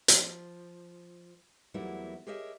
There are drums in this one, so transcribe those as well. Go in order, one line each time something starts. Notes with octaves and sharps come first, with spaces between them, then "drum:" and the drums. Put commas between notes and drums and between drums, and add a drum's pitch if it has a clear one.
F3, drum: hi-hat
E2 F#3 G3 A3 A#3 E4
G4 G#4 A#4 C#5 D#5 E5